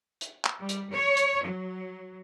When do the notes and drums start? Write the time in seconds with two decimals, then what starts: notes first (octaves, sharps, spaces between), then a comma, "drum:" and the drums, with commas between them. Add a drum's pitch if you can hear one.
0.21 drum: hi-hat
0.45 drum: clap
0.60 G3
0.69 drum: hi-hat
0.93 C#5
1.17 drum: hi-hat
1.45 F#3